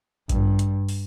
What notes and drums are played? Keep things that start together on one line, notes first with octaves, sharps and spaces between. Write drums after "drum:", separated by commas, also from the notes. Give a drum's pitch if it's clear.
G2, drum: kick A1, hi-hat
drum: hi-hat
drum: open hi-hat